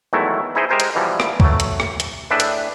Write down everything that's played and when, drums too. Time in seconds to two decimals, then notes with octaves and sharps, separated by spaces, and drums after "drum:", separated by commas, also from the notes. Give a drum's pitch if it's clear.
0.13 E2 D#3 F#3 G#3 A3 E4
0.55 D#4 E4 G#4 C5 D#5
0.69 G#3 G4 A#4 C5 G#5 A#5
0.80 drum: hi-hat
0.95 B2 E3 F3 G3
1.20 drum: rim click
1.40 F#3 A3, drum: kick
1.60 drum: hi-hat
1.80 drum: rim click
2.00 drum: hi-hat
2.30 A2 D4 G#4 B4 E5 G5
2.40 drum: hi-hat